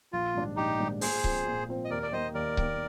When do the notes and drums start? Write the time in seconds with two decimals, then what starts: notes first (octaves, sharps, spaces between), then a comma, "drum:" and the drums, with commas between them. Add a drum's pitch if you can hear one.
0.13 A#1 F4
0.35 G#2 D#3 G3 D4
0.56 A#1 D#4 G4
0.79 G#2 D#3 G3 D4
1.01 A#2 G#4 C5, drum: open hi-hat
1.24 F3 C4, drum: kick C#1
1.46 A#2
1.68 F3 C4
1.85 D#5
1.90 D#2 A#4 D5
2.03 D5
2.13 D#3 A#3 C5 D#5
2.34 D#2 A#4 D5
2.57 D#3 A#3, drum: kick C#1